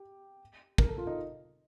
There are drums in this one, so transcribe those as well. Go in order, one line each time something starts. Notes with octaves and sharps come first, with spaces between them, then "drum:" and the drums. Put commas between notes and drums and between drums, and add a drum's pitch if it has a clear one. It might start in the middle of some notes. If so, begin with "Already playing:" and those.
Already playing: G4
A#4, drum: kick
A4
F4
D#4